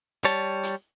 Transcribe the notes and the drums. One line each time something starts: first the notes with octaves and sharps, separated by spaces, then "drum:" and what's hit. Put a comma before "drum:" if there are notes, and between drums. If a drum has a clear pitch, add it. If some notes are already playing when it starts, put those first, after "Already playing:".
G3 C#5 A5, drum: hi-hat
drum: hi-hat